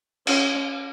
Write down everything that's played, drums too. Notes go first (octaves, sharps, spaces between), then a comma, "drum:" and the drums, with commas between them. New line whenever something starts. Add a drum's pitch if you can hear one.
C#4, drum: cymbal